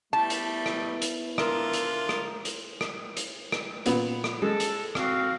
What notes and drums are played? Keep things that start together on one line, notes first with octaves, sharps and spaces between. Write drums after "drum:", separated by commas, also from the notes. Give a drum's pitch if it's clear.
G3 A3 B3 E4 A5
drum: hi-hat
drum: rim click
drum: hi-hat
D3 F4 A#4 E5, drum: rim click
drum: hi-hat
drum: rim click
drum: hi-hat
drum: rim click
drum: hi-hat
drum: rim click
A#2 B3, drum: hi-hat
drum: rim click
G#3 A4
drum: hi-hat
C4 F#4 F5, drum: rim click